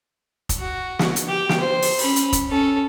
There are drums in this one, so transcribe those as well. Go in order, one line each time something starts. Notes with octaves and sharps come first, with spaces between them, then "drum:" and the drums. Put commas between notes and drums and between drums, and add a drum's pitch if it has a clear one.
drum: kick, hi-hat
F#4
drum: snare
drum: hi-hat
G4 G5
drum: snare
C5
drum: open hi-hat
C#4 B5, drum: open hi-hat
drum: hi-hat
drum: kick, hi-hat
C#4 A4